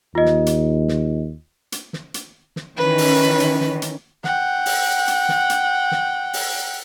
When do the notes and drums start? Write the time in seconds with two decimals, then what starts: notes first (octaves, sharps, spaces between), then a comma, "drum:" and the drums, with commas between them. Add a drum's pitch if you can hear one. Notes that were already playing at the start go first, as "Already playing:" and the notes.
0.15 D#2 F4 D#5
0.25 drum: snare
0.46 drum: hi-hat
0.88 drum: snare
1.72 drum: hi-hat
1.93 drum: snare
2.14 drum: hi-hat
2.56 drum: snare
2.77 D#3 E3 C#4 B4
2.98 drum: open hi-hat
3.40 drum: hi-hat
3.61 drum: snare
3.82 drum: hi-hat
4.24 F#5 G5, drum: snare
4.66 drum: open hi-hat
5.08 drum: hi-hat
5.29 drum: snare
5.50 drum: hi-hat
5.91 drum: snare
6.33 drum: open hi-hat